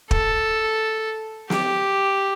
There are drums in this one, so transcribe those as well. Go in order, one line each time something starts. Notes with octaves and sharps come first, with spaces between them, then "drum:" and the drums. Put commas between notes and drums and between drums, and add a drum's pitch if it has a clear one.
A4, drum: kick
G4, drum: snare